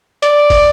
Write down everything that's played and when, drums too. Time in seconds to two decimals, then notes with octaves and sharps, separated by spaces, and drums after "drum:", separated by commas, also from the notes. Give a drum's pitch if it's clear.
0.23 D5, drum: hi-hat
0.50 drum: kick, open hi-hat